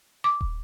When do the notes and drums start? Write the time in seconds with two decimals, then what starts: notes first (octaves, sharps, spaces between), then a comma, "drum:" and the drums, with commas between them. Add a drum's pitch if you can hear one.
0.24 D6
0.41 drum: kick D#1